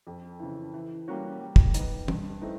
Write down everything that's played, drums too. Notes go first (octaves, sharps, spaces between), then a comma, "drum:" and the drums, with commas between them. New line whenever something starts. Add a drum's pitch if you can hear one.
F2
C#3 E3
E3
G3 A#3 C#4 F#4
G3
drum: kick
B3 D#4, drum: hi-hat
G2, drum: tom
E3 A3 C4 D#4